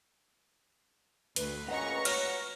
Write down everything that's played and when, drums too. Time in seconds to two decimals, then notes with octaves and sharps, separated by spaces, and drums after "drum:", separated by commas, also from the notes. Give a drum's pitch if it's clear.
1.36 D2 B4, drum: hi-hat
1.68 A#2 C#3 D#5 F#5 A#5 C#6
2.05 F#4 C#5 F6, drum: cymbal